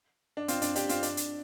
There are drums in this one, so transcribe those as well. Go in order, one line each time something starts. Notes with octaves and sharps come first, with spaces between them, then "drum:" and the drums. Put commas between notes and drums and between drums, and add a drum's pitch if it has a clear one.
D4
C4 F4, drum: hi-hat
D4, drum: hi-hat
D4 G4, drum: hi-hat
C4 F4, drum: hi-hat
D4, drum: hi-hat
drum: hi-hat